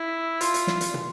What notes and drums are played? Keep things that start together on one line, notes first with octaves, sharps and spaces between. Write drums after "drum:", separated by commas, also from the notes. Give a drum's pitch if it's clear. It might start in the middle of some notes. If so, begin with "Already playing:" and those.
Already playing: E4
F4, drum: hi-hat
drum: hi-hat
drum: snare
drum: hi-hat
drum: tom